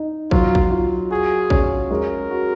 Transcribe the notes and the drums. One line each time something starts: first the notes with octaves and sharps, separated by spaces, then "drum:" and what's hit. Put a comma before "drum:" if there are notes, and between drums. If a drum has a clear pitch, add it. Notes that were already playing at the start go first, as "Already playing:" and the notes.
Already playing: D#4
F#3 F4, drum: kick
drum: kick
F4
F#4 G#4
C#4, drum: kick
G#3 A#4
F#4